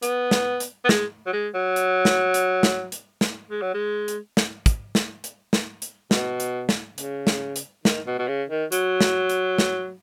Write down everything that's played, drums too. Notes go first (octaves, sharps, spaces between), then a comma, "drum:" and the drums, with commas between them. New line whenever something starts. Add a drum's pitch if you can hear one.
B3, drum: hi-hat
drum: snare
drum: hi-hat
B3
G#3, drum: snare
F#3
G#3
F#3
drum: hi-hat
drum: snare
drum: hi-hat
drum: snare
drum: hi-hat
drum: snare
G#3
F#3
G#3
drum: hi-hat
drum: snare
drum: kick, hi-hat
drum: snare
drum: hi-hat
drum: snare
drum: hi-hat
B2, drum: snare
drum: hi-hat
drum: snare
C#3, drum: hi-hat
drum: snare
drum: hi-hat
D#3, drum: snare
B2
B2
C#3
D#3
F#3, drum: hi-hat
drum: snare
drum: hi-hat
drum: snare